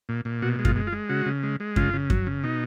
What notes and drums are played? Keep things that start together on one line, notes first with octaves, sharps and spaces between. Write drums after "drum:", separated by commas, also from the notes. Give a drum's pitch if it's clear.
A#2
A#2
B2 F#4
G#3
F4, drum: kick F#2
G#3
F4
G#3
C#3 F#4
C#3
G#3
G#3
C#3 F4, drum: kick F#2
C#3
F#3, drum: kick F#2
C#3
B2 D#4